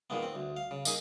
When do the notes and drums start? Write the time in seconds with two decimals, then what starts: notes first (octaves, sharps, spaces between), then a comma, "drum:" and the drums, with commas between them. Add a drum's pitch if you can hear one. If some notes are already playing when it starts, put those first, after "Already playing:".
0.10 A#2 D#3 G#3 A#3 B3
0.23 C4
0.35 D2
0.57 F5
0.71 C#3
0.85 A#3 D#4 G#4, drum: tambourine